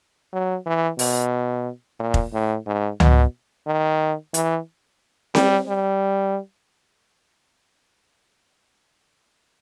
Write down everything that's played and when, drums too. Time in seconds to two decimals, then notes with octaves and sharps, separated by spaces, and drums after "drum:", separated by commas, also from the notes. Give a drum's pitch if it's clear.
0.33 F#3
0.66 E3
0.99 B2, drum: open hi-hat
2.00 A#2
2.14 drum: kick F1
2.33 A2
2.67 G#2
3.00 B2, drum: tom C#2
3.67 D#3
4.34 E3, drum: hi-hat
5.35 G3, drum: snare C4
5.68 G3